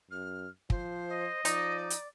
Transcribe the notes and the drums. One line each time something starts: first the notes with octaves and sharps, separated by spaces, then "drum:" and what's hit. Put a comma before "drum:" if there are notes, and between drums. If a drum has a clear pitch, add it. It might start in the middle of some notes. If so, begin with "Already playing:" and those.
F#2 F6
F3 C5, drum: kick
D#5
F3 D#4 D5, drum: hi-hat
drum: hi-hat